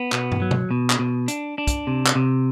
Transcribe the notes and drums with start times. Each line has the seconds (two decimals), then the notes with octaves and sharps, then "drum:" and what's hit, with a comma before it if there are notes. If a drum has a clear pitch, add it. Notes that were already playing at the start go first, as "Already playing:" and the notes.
Already playing: B3
0.12 B2, drum: clap
0.32 drum: tom
0.42 F#3
0.51 drum: tom B2
0.71 B2
0.90 drum: clap
0.99 B2
1.28 D4, drum: hi-hat
1.58 D4
1.67 drum: kick, hi-hat
1.87 C3
2.06 drum: clap
2.15 C3